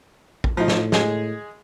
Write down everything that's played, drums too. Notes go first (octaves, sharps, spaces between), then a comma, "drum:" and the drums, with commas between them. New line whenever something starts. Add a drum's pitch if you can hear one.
drum: kick
A2 F3 D#4
drum: snare
G#3 G#4, drum: snare